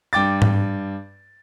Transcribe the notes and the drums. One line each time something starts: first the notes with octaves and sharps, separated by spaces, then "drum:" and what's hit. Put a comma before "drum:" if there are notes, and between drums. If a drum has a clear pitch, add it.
G2 G5 D6 A6
drum: tom G#2